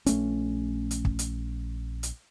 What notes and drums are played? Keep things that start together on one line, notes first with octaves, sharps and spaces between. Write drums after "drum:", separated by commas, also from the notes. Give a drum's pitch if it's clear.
A#1 A3 C#4, drum: hi-hat
drum: hi-hat
drum: kick
drum: hi-hat
drum: hi-hat